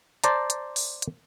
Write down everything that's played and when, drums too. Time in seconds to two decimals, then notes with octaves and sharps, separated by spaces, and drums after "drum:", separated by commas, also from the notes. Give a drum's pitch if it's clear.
0.24 C5 D5 A5 A#5, drum: hi-hat
0.50 drum: hi-hat
0.76 drum: open hi-hat
1.02 drum: hi-hat